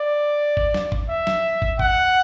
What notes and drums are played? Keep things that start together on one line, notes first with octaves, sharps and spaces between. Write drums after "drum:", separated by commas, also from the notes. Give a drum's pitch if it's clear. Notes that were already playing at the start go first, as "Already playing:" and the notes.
Already playing: D5
drum: kick
drum: snare
drum: kick
E5
drum: snare
drum: kick
F#5, drum: kick